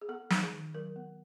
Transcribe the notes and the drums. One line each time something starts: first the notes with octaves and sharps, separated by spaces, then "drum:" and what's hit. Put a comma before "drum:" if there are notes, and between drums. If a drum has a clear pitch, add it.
G#4
B3 A4
D#4, drum: snare
G#4
D#3
F#3 A#4
B3